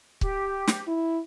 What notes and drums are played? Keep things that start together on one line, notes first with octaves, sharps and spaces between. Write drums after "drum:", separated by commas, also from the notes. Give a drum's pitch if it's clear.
G4, drum: kick C#1
drum: snare
E4